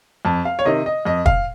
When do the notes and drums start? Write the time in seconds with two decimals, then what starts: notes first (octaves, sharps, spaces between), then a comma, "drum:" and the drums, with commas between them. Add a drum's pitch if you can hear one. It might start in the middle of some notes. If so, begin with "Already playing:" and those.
0.25 F2 A5
0.45 F5
0.59 C#5
0.65 C3 D#3 D#5
0.86 D#5
1.05 F2 D#5
1.26 F5, drum: kick